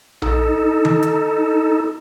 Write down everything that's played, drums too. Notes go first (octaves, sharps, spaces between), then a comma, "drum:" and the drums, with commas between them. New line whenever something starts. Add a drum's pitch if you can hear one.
D#4 A4, drum: tom A#1
drum: tom D#3
drum: hi-hat